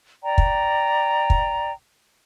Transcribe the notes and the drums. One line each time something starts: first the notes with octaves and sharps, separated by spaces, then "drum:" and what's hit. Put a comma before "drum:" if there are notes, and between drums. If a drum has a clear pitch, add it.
D5 G5 A#5
drum: kick
drum: kick